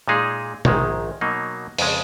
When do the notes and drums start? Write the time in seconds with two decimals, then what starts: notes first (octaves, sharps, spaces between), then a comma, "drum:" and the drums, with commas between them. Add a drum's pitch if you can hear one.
0.08 A#2 G#3 D#4 G#4
0.65 A#1 G#2 D#3 G#3, drum: tom
1.21 B2 F#3 A#3 D#4
1.78 F2 C#3 G#3, drum: open hi-hat